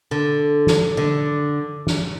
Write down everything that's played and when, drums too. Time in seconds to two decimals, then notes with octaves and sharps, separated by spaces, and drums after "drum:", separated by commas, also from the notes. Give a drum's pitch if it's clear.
0.11 D3
0.67 drum: snare
0.97 D3
1.87 drum: snare